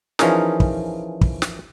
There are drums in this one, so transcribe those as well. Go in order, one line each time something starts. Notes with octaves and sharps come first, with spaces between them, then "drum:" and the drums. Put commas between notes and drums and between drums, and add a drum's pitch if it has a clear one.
E3 F3 C#4 D#4 G#4 A#4, drum: snare
drum: kick
drum: kick
drum: snare